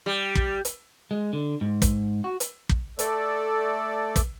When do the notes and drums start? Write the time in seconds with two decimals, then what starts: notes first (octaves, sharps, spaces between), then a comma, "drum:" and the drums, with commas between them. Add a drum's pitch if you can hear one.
0.06 G3
0.35 drum: kick
0.65 drum: hi-hat
1.11 G#3
1.33 D3
1.61 G#2
1.82 drum: kick, hi-hat
2.24 F#4
2.40 drum: hi-hat
2.69 drum: kick
2.99 A3 A4 D5, drum: hi-hat
4.16 drum: kick, hi-hat